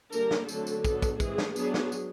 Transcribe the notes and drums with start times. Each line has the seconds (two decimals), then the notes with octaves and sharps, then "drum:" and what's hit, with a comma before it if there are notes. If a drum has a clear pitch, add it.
0.12 D3 G3 A#3 D4 A#4, drum: tambourine
0.31 drum: snare
0.49 D3 F#3 A3 C4 A4, drum: tambourine
0.67 drum: tambourine
0.85 F#3 B3 D4 A4, drum: kick, tambourine
1.02 drum: kick, tambourine
1.20 E3 G#3 C4 G#4, drum: kick, tambourine
1.38 drum: snare
1.56 F#3 B3 D4 G#4, drum: tambourine
1.74 drum: snare
1.92 drum: tambourine